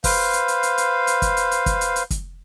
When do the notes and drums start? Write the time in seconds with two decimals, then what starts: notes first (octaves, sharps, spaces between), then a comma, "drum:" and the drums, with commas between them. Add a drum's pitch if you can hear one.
0.04 B4 C5 F5, drum: kick, open hi-hat
0.33 drum: hi-hat
0.48 drum: hi-hat
0.63 drum: hi-hat
0.78 drum: hi-hat
1.07 drum: hi-hat
1.22 drum: kick, hi-hat
1.37 drum: hi-hat
1.51 drum: hi-hat
1.66 drum: kick, hi-hat
1.81 drum: hi-hat
1.96 drum: hi-hat
2.10 drum: kick, hi-hat